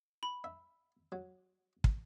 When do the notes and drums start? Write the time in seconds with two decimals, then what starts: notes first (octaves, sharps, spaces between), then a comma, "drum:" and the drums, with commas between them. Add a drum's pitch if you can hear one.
0.23 B5
0.44 E5
1.12 F#3
1.84 drum: kick